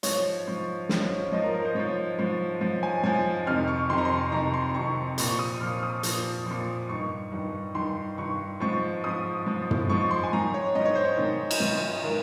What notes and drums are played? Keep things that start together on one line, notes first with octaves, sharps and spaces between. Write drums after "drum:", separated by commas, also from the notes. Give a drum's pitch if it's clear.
G#2 F3 C#5, drum: hi-hat
G#2 F3
G#2 F3, drum: snare
G#2 F3 D#5
A#4
A#4
C5
G#2 F3 C#5
G#2 F3
G#2 F3
G#5
G#2 F3 G#5
F2 C3 D#3 F6
C#6
F2 C3 D#3 C6
A#5
C6
F2 C3 D#3 A#5
C6
F2 C3 D#3 C#6
A#2 F3 C#6, drum: hi-hat
D#6
A#2 F3 F6
D#6
A#2 F3, drum: hi-hat
A#2 F3
G2 D#3 C#6
G2 D#3
G2 D#3 C6
G2 D#3 C#6
G#2 F3 C#6
G#2 F3 D#6
G#2 F3
drum: tom
G#2 F3 C#6
C6
G#5
G#2 D#3 A#5
C#5
G#2 D#3 D#5
C#5
C5
C#5
G#2 D#3
drum: cymbal
G#2 D#3
D#3 A#4